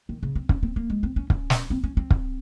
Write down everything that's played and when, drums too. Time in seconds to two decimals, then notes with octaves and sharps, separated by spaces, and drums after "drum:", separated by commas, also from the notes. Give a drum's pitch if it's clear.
0.09 D#3
0.23 C#3
0.35 C4
0.49 C#4, drum: kick
0.63 C4
0.76 A#3
0.90 G#3
1.03 C4
1.16 C#4
1.30 C#4, drum: kick
1.50 drum: snare
1.70 C4
1.84 C#4
1.97 C4
2.10 drum: kick